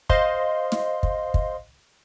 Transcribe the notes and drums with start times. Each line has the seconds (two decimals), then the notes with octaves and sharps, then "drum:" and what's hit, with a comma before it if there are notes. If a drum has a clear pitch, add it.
0.09 C5 D#5 F5 C6, drum: kick
0.72 drum: snare
1.03 drum: kick
1.34 drum: kick